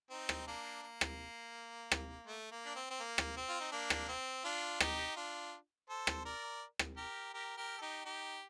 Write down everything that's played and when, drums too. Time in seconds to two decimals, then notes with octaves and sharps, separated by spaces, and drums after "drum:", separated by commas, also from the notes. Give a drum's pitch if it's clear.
0.10 C4 D#4
0.29 drum: rim click
0.47 A#3 D4
0.83 A#3
1.01 drum: rim click
1.92 drum: rim click
2.27 A3
2.51 A#3
2.66 D4
2.75 C4
2.90 C4
3.00 A#3
3.18 drum: rim click
3.37 C4
3.49 F4
3.61 D#4
3.72 A#3 D4
3.90 drum: rim click
4.08 C4
4.44 D4 F4
4.80 D#4 G4, drum: rim click
5.16 D4 F4
5.89 A4 C5
6.07 drum: rim click
6.25 A#4 D5
6.79 drum: rim click
6.97 G4 A#4
7.33 G4 A#4
7.57 G4 A#4
7.78 A4
7.82 D#4 G4
8.05 D#4 G4